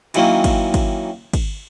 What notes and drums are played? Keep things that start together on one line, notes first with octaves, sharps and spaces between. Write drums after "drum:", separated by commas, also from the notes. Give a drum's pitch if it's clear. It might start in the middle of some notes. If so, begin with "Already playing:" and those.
D#3 E3 F#3 A#3 C4 C#4, drum: cymbal
drum: kick, cymbal
drum: kick, cymbal
drum: kick, cymbal